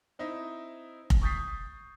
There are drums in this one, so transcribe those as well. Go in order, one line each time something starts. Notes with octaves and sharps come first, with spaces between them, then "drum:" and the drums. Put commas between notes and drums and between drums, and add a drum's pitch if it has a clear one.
C4 D#4 E4 D#5 E5
drum: kick F1
C#6 D#6 G6 A6 B6 C7